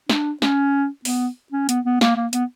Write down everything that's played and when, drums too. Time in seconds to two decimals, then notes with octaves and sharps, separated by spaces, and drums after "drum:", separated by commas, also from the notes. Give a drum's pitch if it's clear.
0.10 D4, drum: snare
0.42 C#4, drum: snare
1.05 B3, drum: open hi-hat
1.53 C#4
1.69 B3, drum: hi-hat
1.85 B3
2.01 A#3, drum: snare
2.16 A#3
2.33 B3, drum: hi-hat